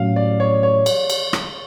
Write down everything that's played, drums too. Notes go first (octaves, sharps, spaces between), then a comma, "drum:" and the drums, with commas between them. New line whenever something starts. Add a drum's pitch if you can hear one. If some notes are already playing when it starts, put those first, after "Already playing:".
Already playing: A2 F#3 C#4 F5
D5
C#5
C#5
drum: cymbal
drum: cymbal
drum: rim click